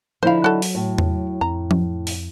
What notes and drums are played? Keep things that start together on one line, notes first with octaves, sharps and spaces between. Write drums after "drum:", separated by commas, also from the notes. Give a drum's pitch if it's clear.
D3 F3 D#4 E4 C5 F5
F#3 F#4 A4
drum: open hi-hat
A2
drum: tom E2
F2 A#5
drum: tom F3
drum: open hi-hat